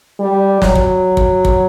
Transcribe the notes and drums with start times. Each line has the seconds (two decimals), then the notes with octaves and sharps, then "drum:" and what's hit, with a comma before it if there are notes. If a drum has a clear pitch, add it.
0.20 G3
0.62 F#3, drum: snare
0.75 drum: kick
1.17 drum: kick
1.45 drum: kick